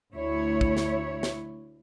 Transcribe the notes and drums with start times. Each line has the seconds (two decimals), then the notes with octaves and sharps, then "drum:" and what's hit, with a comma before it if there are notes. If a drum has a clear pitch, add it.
0.15 D2 E4 C#5
0.61 drum: kick
0.77 drum: snare
1.23 drum: snare